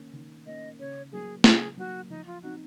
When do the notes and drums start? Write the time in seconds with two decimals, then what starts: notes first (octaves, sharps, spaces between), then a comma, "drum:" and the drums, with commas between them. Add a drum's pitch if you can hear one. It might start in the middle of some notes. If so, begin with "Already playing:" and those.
Already playing: D#3 A#3 C#4
0.13 D#3
0.46 A#3 C#4 D#5
0.79 C#3 C#5
1.12 F#3 A#3 G#4
1.44 C#3 G#4, drum: snare
1.77 F#3 A#3 F#4
2.10 F3 D#4
2.27 F4
2.42 C4 D#4 F#4